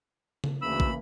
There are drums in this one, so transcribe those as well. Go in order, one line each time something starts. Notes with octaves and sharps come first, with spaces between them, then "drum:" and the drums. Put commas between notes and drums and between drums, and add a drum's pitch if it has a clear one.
drum: tom C#3
D2 C#3 E3 A#3 B5 E6
drum: kick